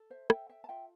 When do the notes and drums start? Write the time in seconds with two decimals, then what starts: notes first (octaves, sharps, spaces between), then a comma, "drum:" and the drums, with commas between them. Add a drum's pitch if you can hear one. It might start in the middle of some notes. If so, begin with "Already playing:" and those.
Already playing: A4
0.10 C5 E5
0.30 A4 E5 G5, drum: rim click
0.49 E5 G5
0.64 A5
0.69 F4 E5 G5